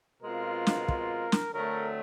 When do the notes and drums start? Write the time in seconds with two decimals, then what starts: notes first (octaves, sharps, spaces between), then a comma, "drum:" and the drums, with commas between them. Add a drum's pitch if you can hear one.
0.22 B2 G#3 C4 F4 A#4
0.67 drum: snare
0.88 drum: kick
1.32 drum: snare
1.53 D3 F#3 A3 C4 A#4